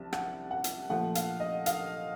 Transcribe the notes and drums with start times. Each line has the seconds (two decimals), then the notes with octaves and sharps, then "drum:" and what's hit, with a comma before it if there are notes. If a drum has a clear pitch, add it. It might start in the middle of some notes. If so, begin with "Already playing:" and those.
Already playing: C2 C3 F3 C4 A5
0.13 F#5, drum: rim click
0.51 F#5
0.64 drum: hi-hat
0.90 A#2 F3 A3 F#5
1.15 F5, drum: hi-hat
1.40 D#5
1.66 F5, drum: hi-hat